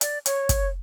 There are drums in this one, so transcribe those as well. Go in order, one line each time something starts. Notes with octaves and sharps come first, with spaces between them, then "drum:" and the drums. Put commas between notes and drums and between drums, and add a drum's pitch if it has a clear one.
D5, drum: hi-hat
C#5, drum: hi-hat
drum: kick, hi-hat